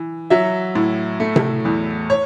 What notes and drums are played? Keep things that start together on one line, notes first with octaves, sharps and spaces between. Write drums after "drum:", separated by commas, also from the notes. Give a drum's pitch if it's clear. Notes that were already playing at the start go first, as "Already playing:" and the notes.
Already playing: E3
F#3 E5
A2
A3
drum: tom C3
E2
C#5